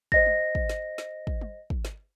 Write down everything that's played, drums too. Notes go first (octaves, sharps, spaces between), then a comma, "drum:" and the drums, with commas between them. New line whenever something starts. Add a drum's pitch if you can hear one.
C5 D#5 A#6, drum: kick
drum: tom
drum: kick
drum: snare
drum: snare
drum: kick
drum: tom
drum: kick
drum: snare